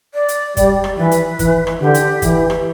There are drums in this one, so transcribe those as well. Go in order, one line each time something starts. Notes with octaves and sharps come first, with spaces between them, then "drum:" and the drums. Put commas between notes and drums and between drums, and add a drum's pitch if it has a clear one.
D5
drum: hi-hat
G3, drum: kick F#1, hi-hat
drum: rim click
E3 B4
drum: hi-hat
E3, drum: kick F#1, hi-hat
drum: rim click
D3 G4
drum: hi-hat
E3, drum: kick F#1, hi-hat
drum: rim click